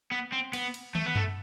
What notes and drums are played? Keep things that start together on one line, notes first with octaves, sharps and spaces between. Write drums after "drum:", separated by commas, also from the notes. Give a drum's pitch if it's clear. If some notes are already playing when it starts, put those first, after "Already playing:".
B3
C4
B3, drum: cymbal
drum: cymbal
A3, drum: tom
B3
A3, drum: tom F#2